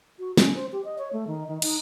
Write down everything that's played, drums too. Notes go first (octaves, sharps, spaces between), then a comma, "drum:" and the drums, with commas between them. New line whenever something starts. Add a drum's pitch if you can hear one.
F#4
C#4, drum: snare
C5
G4
D#5
C#5
A3
D#3
D#3
D#4, drum: cymbal